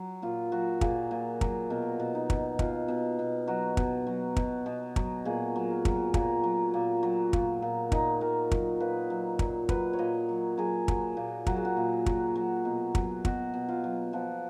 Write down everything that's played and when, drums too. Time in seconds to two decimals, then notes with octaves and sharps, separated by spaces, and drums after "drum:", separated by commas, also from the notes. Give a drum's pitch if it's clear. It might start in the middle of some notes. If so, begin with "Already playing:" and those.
Already playing: F#3
0.22 A#2 F4
0.52 F#3 F#4
0.81 A#2 G#4, drum: kick
1.11 A#2
1.41 F#3, drum: kick
1.70 B2 A#4
2.00 B2
2.15 D#4
2.30 B2, drum: kick
2.59 B2 F4, drum: kick
2.88 B2
3.19 B2
3.47 F#3 F#4
3.77 B2, drum: kick
4.07 F#3
4.36 B2, drum: kick
4.66 B2
4.96 F#3, drum: kick
5.25 A#2 G#4
5.56 F#3
5.70 A#4
5.85 F#3, drum: kick
6.14 A#2 A#4, drum: kick
6.44 F#3
6.74 A#2
7.03 F#3
7.33 A#2, drum: kick
7.62 A#2
7.92 A#2 D#4, drum: kick
8.21 A#2 A#4
8.51 F#3, drum: kick
8.80 A#2 B4
9.10 F#3
9.39 A#2, drum: kick
9.69 F#3 B4, drum: kick
9.93 C#5
9.99 A#2 D#5
10.29 F#3
10.58 F#3 G#4
10.88 F#3, drum: kick
11.17 A#2
11.47 F#3 F#4, drum: kick
11.56 G#4
11.65 F#4
11.77 A#2
12.06 F#3, drum: kick
12.36 F#3
12.65 B2
12.95 F#3, drum: kick
13.25 B2 F#4, drum: kick
13.54 B2
13.69 F4
13.84 F#3
14.13 F3 F#4